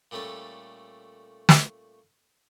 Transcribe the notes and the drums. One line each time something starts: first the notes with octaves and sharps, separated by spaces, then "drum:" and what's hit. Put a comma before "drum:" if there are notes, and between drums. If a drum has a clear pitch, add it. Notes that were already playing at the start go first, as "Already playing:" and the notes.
A#2 G3 A3 C#4 A4
drum: snare